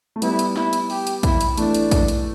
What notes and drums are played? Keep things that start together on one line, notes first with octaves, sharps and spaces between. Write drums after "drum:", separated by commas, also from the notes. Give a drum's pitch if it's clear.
A3
G3 B3 E4, drum: hi-hat
drum: hi-hat
E4, drum: snare
drum: hi-hat
G4, drum: open hi-hat
drum: hi-hat
E4, drum: kick, hi-hat
drum: hi-hat
E3 A3 D4, drum: hi-hat
drum: hi-hat
drum: kick, hi-hat
drum: hi-hat